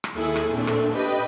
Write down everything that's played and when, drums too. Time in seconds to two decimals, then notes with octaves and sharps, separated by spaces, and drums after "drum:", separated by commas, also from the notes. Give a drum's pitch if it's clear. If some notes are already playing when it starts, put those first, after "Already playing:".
0.04 drum: rim click
0.17 D#2 E4 G#4 A4
0.36 drum: rim click
0.51 A#2 A3 C4 D4
0.67 drum: rim click
0.92 D4 G4 B4 D#5 G5